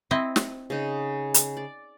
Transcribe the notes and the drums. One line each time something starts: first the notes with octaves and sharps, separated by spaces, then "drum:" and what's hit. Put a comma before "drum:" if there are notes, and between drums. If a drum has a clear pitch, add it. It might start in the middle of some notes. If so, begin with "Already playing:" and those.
C4 E4 D#5
drum: snare
C#3 D#4
drum: hi-hat
D5